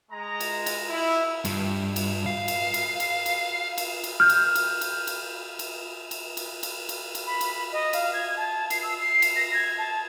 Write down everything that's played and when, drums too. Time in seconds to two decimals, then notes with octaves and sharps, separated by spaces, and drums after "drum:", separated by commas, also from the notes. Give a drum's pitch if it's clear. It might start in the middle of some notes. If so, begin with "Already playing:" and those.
0.10 G#3 A#5
0.40 drum: cymbal
0.66 drum: cymbal
0.88 E4
1.45 G2, drum: cymbal
1.96 drum: cymbal
2.26 F5
2.48 drum: cymbal
2.74 drum: cymbal
3.00 drum: cymbal
3.26 drum: cymbal
3.78 drum: cymbal
4.04 drum: cymbal
4.20 F6 G6
4.29 drum: cymbal
4.55 drum: cymbal
4.81 drum: cymbal
5.07 drum: cymbal
5.59 drum: cymbal
6.11 drum: cymbal
6.37 drum: cymbal
6.63 drum: cymbal
6.89 drum: cymbal
7.15 drum: cymbal
7.26 B5
7.41 drum: cymbal
7.72 D#5
7.93 F5, drum: cymbal
8.13 G#6
8.37 A5
8.70 C7, drum: cymbal
8.83 E6
9.01 C7
9.22 drum: cymbal
9.36 A#6
9.54 G#6
9.78 A5